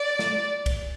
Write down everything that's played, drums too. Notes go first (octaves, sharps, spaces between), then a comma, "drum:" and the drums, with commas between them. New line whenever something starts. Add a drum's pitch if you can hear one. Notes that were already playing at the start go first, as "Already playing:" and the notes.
Already playing: D5
drum: snare
drum: kick B1, cymbal